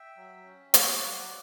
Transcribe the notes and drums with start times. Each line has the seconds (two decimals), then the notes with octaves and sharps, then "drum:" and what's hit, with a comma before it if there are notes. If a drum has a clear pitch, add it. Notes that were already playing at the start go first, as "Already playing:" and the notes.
Already playing: E5 G5
0.17 F#3
0.45 C#4
0.74 F#4 D5 F#5, drum: hi-hat
1.03 F#3